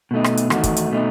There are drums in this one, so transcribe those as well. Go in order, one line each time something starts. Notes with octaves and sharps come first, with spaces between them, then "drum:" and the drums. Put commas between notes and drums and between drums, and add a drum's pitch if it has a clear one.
B2 A3 D#4
drum: rim click
drum: hi-hat
E2 D#3 A3 D#4 F#4, drum: rim click
drum: kick, hi-hat
drum: hi-hat
B2 A3 D#4